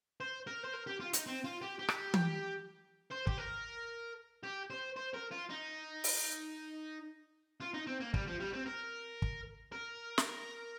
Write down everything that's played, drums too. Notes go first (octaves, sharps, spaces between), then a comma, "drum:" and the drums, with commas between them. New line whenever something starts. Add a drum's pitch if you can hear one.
C5
A#4
C5
A#4
G4
F4
D#4, drum: hi-hat
C4
F4
G4
G4
drum: rim click
drum: tom
C5
G4, drum: kick
A#4
G4
C5
C5
A#4
F4
D#4
drum: open hi-hat
F4
D#4
C4
A#3
G3, drum: kick
F3
G3
C4
A#4
drum: kick
A#4
drum: snare